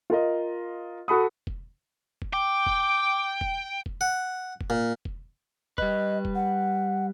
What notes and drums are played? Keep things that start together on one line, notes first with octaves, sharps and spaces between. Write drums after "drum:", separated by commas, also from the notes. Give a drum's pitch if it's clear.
F4 A#4 D#5
F#4 A4 B5 D#6
drum: kick F1
drum: kick F1
G5 D6
drum: kick F1
drum: kick F1
drum: kick F1
F#5
drum: kick F1
A#2
drum: kick F1
G3 B4 D#5, drum: kick F1
drum: kick F1
F#5